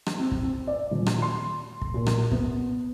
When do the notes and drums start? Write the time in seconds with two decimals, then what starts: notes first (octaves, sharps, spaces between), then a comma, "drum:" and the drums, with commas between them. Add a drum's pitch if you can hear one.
0.06 drum: rim click
0.19 C4
0.31 drum: kick
0.43 C4
0.67 D5
0.91 D#1
1.06 drum: rim click
1.22 C6
1.82 drum: kick
1.94 A#2
2.07 drum: rim click
2.32 B3, drum: kick